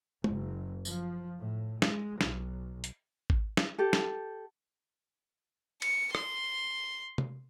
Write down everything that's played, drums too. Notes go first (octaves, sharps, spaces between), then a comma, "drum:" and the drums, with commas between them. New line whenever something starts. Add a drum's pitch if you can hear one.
F#1, drum: tom G#3
F3, drum: tambourine
A2
G#3, drum: snare
B1, drum: snare
drum: hi-hat
drum: kick G#1
drum: snare
G4 A4
drum: snare
C#7, drum: cymbal
C6, drum: rim click
drum: tom C3